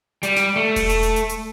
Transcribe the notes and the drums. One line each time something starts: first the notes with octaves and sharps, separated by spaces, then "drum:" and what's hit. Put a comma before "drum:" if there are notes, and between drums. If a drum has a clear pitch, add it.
G3, drum: hi-hat
drum: snare
A3
drum: kick E1, open hi-hat
drum: hi-hat
drum: hi-hat
drum: hi-hat
drum: hi-hat